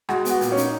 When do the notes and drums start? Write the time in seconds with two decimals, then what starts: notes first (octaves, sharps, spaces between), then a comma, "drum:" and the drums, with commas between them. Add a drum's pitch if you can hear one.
0.09 G#3 F#4, drum: rim click
0.25 B3, drum: hi-hat
0.30 F#4
0.41 A#2, drum: hi-hat
0.52 C#4
0.57 D#4, drum: hi-hat